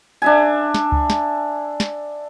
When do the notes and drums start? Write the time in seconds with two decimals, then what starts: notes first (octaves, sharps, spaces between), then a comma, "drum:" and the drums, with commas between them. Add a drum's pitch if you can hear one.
0.22 D4 E5 G#5
0.74 drum: snare
0.92 drum: kick C#2
1.10 drum: snare
1.80 drum: snare